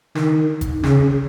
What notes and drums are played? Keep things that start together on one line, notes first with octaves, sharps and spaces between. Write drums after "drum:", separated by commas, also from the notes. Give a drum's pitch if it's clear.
D#3, drum: snare
drum: kick, hi-hat
C#3, drum: snare